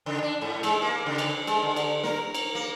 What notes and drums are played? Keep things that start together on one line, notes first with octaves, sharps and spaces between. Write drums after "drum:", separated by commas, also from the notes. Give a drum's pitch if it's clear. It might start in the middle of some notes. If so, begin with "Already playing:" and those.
C#3
D4
G#2
G#3, drum: cymbal
A#3
C#3
drum: cymbal
G#3, drum: cymbal
D3
drum: cymbal
A#4, drum: snare
drum: cymbal
A#3